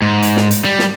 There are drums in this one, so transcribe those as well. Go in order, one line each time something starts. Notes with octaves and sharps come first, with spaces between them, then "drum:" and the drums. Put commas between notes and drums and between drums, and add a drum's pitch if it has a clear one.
G#2
drum: hi-hat
drum: snare
drum: hi-hat
G3
drum: snare